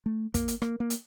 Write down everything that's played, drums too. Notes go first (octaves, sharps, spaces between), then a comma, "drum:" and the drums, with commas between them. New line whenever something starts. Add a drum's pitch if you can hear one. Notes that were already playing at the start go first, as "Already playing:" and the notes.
A3
A#3, drum: kick, hi-hat
drum: hi-hat
A#3, drum: rim click
A#3
drum: hi-hat